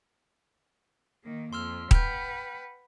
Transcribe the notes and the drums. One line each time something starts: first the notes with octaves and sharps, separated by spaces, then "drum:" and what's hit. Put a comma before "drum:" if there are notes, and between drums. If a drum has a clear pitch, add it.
D#3 A#3
F2 C6 E6 F6
B4 F#5 G5 F6 G6, drum: kick D#1